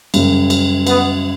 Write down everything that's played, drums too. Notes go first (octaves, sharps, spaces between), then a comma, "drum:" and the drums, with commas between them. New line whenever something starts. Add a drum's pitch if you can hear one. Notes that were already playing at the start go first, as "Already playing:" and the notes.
F#2 C#3 G3, drum: cymbal
drum: cymbal
B3, drum: cymbal